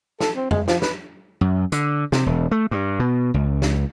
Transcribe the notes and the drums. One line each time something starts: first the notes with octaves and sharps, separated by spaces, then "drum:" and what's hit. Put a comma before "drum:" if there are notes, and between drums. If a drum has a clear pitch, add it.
A4, drum: snare
C4
G#3, drum: tom F2
F3, drum: snare
B4, drum: snare
F#2
D3, drum: hi-hat
C3, drum: snare
E1
A3
G2
B2
C#2
drum: snare